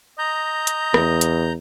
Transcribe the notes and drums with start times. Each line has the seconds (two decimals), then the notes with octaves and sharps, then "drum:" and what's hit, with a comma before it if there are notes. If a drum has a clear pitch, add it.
0.19 D#5 A#5 G6
0.67 drum: hi-hat
0.94 E2, drum: rim click
1.21 drum: hi-hat